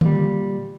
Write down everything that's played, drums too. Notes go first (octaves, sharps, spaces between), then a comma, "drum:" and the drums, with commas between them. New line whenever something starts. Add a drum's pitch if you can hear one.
A#2 G3, drum: tom D3